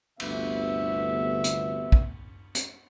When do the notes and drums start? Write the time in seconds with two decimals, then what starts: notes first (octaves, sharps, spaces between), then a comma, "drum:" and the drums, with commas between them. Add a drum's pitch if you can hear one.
0.20 G1 D2 C3 B3 E5, drum: cymbal
1.44 drum: hi-hat
1.92 drum: kick
2.55 drum: hi-hat